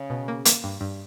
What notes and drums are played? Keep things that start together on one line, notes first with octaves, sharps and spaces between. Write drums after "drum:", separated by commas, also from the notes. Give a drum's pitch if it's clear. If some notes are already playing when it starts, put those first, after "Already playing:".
Already playing: C#3
B2
A#3
A#3, drum: hi-hat
G2
G2